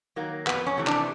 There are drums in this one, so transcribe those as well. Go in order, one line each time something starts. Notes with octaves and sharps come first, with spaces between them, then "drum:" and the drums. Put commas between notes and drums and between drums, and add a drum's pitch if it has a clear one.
D#3 F#3 A#3
F2 B3, drum: clap
C#4
C3 E3 A3
D4, drum: clap